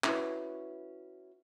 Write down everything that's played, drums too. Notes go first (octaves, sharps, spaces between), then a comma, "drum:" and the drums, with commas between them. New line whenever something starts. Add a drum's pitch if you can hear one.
C#4 E4 F#4 B4, drum: clap